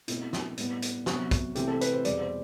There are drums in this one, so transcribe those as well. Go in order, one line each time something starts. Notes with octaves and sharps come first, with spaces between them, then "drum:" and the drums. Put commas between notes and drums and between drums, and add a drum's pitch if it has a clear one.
B2 A3 C4 E4, drum: hi-hat
drum: snare
A2 G3 B3, drum: hi-hat
drum: hi-hat
C3 F#3 B3 F#4, drum: snare
drum: kick, hi-hat
C3 E3 A3 C4 G4, drum: hi-hat
A4
B4, drum: hi-hat
C5
E2 B2 G3 D5, drum: hi-hat
C5